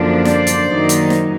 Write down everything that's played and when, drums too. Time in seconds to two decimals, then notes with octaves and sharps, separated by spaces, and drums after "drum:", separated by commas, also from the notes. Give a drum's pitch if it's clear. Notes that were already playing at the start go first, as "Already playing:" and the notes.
Already playing: F#2 D3 F3 A#3 D4
0.25 C5 D5, drum: snare
0.47 drum: hi-hat
0.68 F#2 D#3 F#3 A#3 D#4
0.89 drum: hi-hat
1.10 drum: snare